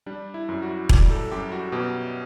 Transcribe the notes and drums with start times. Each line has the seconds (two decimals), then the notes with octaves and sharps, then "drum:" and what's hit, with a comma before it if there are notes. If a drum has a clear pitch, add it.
0.06 G3 D4
0.34 E4
0.49 F#2
0.62 F#4
0.89 G3 G4, drum: kick E1
1.10 A4
1.32 F#2 G4
1.52 F#4
1.72 B2 G4